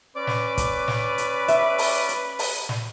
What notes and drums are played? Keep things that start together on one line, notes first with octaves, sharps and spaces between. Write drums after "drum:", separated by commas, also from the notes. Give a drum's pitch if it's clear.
C#4 B4 D5 D6
drum: snare
drum: kick, hi-hat
drum: snare
drum: hi-hat
E5, drum: hi-hat
drum: open hi-hat
drum: hi-hat
drum: open hi-hat
drum: snare